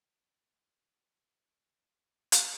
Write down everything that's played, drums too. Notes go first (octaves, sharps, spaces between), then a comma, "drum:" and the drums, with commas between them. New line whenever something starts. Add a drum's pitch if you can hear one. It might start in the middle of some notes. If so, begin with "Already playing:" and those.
A#4
B4
A5
C5
F#5
drum: hi-hat